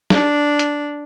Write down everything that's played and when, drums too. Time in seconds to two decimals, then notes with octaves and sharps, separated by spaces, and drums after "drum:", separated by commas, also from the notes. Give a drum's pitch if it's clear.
0.10 D4, drum: snare
0.59 drum: hi-hat